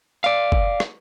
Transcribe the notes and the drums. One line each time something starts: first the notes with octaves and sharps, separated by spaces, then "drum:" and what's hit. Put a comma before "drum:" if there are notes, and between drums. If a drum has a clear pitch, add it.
D5 F5
drum: kick F#1
drum: rim click